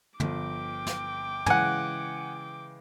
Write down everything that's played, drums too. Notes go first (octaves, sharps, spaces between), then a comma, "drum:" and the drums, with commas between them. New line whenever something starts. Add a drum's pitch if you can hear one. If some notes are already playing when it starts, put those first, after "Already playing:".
G1 F3 G5 D6, drum: tom
drum: snare
C#3 E3 G#3 F#5 G#5, drum: tom